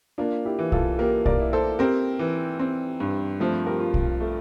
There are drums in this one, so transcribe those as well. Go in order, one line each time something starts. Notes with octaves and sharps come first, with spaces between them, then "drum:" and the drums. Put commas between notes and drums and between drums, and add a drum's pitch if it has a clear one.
A#3 D4 F4
E4 G4
E3
F4 A4, drum: kick
A#3 G4 A#4
A#4 D5, drum: kick
E4
A4 C5
C4 G4 A#4
E3
C4
G2
F3 A3 C4
G4 A#4
F4
drum: kick
A3